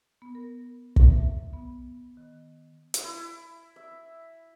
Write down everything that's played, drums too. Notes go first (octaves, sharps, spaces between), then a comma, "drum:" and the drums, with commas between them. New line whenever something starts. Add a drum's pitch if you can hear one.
B3
A#4
drum: kick
E5
B3
D#3
drum: hi-hat
E4
E5